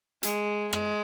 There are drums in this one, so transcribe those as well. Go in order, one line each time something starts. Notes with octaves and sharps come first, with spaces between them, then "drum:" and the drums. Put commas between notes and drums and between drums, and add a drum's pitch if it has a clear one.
G#3, drum: hi-hat
G#3, drum: rim click